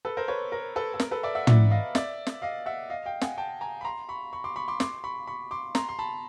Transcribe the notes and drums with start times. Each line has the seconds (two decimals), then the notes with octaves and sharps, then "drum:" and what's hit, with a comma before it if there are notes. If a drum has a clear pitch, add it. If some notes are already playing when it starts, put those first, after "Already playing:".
0.05 A4 B4
0.17 A#4 C5
0.28 B4 C#5
0.52 A#4
0.76 A4 B4
0.94 A4
1.00 A#4, drum: snare
1.11 A4 B4
1.23 D5 E5
1.35 E5 F#5
1.47 D5 E5, drum: tom
1.71 D#5 F5
1.95 D5 E5, drum: snare
2.27 drum: snare
2.42 D#5 F5
2.66 E5 F#5
2.90 D#5 F5
3.06 F5 G5
3.21 F#5 G#5, drum: snare
3.38 G5 A5
3.61 G#5 A#5
3.81 B5
3.85 A#5 C6
4.09 B5 C#6
4.33 B5 C#6
4.44 C6 D6
4.56 B5 C#6
4.68 C6 D6
4.80 C6 D6, drum: snare
5.04 B5 C#6
5.27 B5 C#6
5.51 C6 D6
5.75 A#5 C6, drum: snare
5.89 C6
5.99 A5 B5